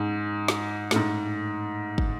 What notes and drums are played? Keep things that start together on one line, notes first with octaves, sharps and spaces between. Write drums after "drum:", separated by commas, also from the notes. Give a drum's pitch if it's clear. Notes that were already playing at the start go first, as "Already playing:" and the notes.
Already playing: G#2
drum: snare
A2, drum: snare
G#2
drum: kick